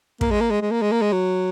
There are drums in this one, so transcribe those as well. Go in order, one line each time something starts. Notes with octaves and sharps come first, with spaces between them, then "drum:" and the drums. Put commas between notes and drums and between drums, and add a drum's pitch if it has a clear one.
A#3, drum: kick
G#3
A#3
G#3
G#3
A#3
G#3
A#3
G#3
F#3